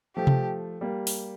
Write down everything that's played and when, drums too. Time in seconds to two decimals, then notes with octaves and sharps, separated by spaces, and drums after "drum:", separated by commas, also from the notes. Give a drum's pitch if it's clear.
0.16 F3 A3 G4
0.27 drum: tom C3
0.81 G3 A#3
1.07 drum: open hi-hat